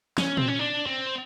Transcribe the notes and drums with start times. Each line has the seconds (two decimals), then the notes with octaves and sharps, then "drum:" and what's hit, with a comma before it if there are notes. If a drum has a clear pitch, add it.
0.18 C#4, drum: snare
0.37 C4, drum: tom A#2
0.48 C#4
0.59 D4
0.86 C4